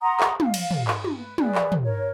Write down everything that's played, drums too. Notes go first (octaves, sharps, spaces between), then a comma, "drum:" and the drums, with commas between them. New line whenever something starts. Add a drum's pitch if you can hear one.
F#5 A#5 C6 D#6
drum: clap
F5, drum: tom
drum: cymbal
drum: tom
drum: clap
drum: tom
B4
G#4 B4 D5, drum: tom
drum: clap
drum: tom
A#4 C#5